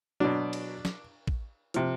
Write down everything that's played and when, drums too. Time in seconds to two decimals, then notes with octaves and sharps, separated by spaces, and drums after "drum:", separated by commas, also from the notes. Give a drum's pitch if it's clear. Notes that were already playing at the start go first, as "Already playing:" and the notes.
0.20 B2 F#3 D4
0.53 drum: cymbal
0.85 drum: snare
1.27 drum: kick
1.74 C3 F3, drum: hi-hat